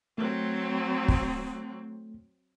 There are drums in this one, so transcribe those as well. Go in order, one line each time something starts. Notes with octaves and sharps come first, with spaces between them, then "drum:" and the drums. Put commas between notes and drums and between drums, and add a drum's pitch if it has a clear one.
F#3 A3 C4
drum: kick